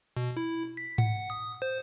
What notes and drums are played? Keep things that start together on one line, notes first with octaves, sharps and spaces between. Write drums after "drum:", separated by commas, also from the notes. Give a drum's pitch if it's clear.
B2
E4
B6
F#5, drum: tom G#2
D#6
C5